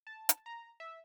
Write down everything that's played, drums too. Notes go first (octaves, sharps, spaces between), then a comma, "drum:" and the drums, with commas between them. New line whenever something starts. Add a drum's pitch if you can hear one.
A5
drum: hi-hat
A#5
E5